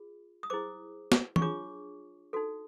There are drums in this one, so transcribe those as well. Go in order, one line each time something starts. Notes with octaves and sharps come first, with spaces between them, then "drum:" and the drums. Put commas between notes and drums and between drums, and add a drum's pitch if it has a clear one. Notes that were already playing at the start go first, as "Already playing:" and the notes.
Already playing: F4 G#4
D#6
E4 G#4 C5 D6
drum: snare
C#6, drum: tom E3
D4 F4 G#4 C#5 D6
D#4 F#4 A4